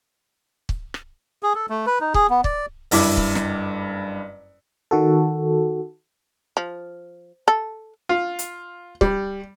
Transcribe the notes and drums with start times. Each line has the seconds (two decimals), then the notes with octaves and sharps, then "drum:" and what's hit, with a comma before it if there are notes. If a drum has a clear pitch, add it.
0.69 drum: kick
0.94 drum: rim click
1.43 G#4
1.55 A4
1.69 A3
1.87 B4
2.01 D#4
2.14 G#4, drum: kick
2.30 B3
2.44 D5, drum: kick
2.91 F#1 G2 E4 D6, drum: open hi-hat
3.17 drum: kick
3.35 drum: snare
4.91 D#3 F#4 A4
6.57 F3
7.48 A4
8.09 F4
8.39 drum: hi-hat
9.01 G3, drum: kick